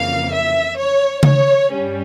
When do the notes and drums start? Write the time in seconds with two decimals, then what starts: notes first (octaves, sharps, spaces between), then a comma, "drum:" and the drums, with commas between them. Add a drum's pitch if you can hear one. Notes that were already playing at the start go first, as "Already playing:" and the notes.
Already playing: F2 C#3 E3 A#3 F5
0.30 E5
0.77 C#5
1.23 C#5, drum: tom C#3
1.70 G2 G3 C#4